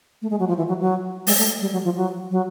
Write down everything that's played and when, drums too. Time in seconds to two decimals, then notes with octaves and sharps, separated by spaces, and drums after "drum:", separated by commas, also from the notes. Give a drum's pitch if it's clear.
0.22 A3
0.30 G#3
0.39 F#3
0.48 F3
0.57 E3
0.68 F#3
0.80 F#3
1.27 G#3, drum: open hi-hat
1.38 A3
1.61 G3
1.73 F#3
1.85 F3
1.96 F#3
2.31 F#3